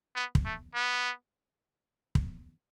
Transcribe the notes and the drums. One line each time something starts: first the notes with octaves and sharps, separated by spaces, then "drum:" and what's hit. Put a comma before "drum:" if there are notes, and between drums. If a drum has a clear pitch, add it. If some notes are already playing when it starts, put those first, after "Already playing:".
B3
drum: kick
A3
B3
drum: kick